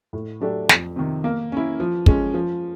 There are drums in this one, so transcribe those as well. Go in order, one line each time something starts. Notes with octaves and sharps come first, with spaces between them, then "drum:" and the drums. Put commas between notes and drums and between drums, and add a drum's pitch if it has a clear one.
A2
F#3 A3 D4 G4
F2, drum: snare
C3 D#3
A#3
C#4 E4
F3
G#3 C#4, drum: kick
F3